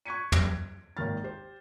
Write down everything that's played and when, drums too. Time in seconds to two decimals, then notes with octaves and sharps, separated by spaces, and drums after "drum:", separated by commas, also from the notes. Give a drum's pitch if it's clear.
0.05 C#6 F#6 G#6 B6 C#7 D#7
0.32 D7, drum: tom
0.97 G#1 D#2 D#3 F6 A6
1.24 G4 C5